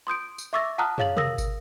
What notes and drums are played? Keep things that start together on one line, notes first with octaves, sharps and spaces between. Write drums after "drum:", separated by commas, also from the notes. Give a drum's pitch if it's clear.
C6 D#6 G6 D7
drum: tambourine
E5 C#6 D6 E6 A6 A#6
F#5 A5 A#5 D#6 F6 F#6
G#4 C#5 F5 A6 F#7, drum: tom
A#4 D#6 E6 A#6, drum: tom
drum: kick, tambourine